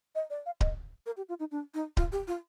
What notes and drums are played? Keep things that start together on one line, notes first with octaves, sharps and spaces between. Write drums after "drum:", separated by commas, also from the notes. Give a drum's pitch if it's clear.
D#5
D5
F5
D#5, drum: kick D1
A#4
G4
F4
D#4
D4
D#4
F4, drum: kick D1
G4
F4